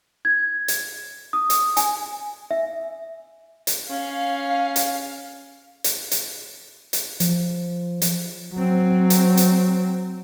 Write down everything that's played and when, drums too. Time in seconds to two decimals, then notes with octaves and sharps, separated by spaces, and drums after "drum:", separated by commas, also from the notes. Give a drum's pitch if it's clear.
0.25 G#6
0.68 drum: hi-hat
1.33 D#6
1.50 drum: hi-hat
1.77 G#5, drum: hi-hat
2.51 E5
3.67 drum: hi-hat
3.90 C#4 F5
4.76 drum: hi-hat
5.84 drum: hi-hat
6.11 drum: hi-hat
6.93 drum: hi-hat
7.20 F3, drum: hi-hat
8.02 drum: hi-hat
8.54 F#3 C4
9.10 drum: hi-hat
9.37 drum: hi-hat